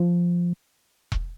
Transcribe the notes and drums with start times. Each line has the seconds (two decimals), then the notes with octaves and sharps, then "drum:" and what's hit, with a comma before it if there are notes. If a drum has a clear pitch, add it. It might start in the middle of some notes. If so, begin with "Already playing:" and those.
Already playing: F3
1.12 drum: kick E1